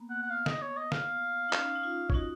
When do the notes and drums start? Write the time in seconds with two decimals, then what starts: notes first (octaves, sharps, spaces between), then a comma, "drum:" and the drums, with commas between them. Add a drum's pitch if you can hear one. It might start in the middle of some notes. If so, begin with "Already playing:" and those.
Already playing: A#3 B3
0.10 F#5
0.23 F#5
0.30 F5
0.46 D#5, drum: snare
0.62 C#5
0.77 D#5
0.92 F5, drum: snare
1.49 D#4
1.53 C#4, drum: clap
1.75 D#4
1.83 F4
2.10 C#5, drum: kick G#1
2.14 D#4 F#4 D#5